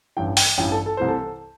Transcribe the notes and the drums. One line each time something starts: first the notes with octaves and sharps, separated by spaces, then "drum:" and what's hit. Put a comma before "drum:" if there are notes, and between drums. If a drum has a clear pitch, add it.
A1 G2 E3 G5
G5, drum: open hi-hat
A1 G2 E3 G5
A4
A4
C2 C3 E3 C5
A4